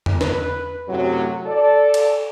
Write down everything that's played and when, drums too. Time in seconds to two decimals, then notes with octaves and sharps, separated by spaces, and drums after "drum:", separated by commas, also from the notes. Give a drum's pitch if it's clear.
0.06 drum: tom E2
0.21 B4, drum: snare
0.89 F#2 A2 C3 F#3
1.46 A4 D5
1.94 drum: cymbal